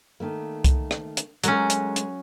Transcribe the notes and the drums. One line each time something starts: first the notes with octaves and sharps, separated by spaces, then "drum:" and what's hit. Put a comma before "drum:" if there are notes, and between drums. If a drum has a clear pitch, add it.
D#3 A3 A#3
drum: kick C2, hi-hat
drum: rim click
drum: hi-hat
F#3 G#3 A3 C#4 A#4, drum: hi-hat
drum: hi-hat
drum: hi-hat